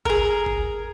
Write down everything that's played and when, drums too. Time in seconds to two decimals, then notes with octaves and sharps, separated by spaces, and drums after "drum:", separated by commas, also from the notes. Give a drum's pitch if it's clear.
0.05 G#4 A#4, drum: kick G1
0.46 drum: kick G1